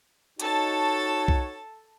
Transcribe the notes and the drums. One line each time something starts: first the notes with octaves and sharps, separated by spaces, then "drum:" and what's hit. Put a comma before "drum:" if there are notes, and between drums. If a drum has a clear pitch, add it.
D#4 F#4 A4 C#5 A5, drum: hi-hat
drum: kick B1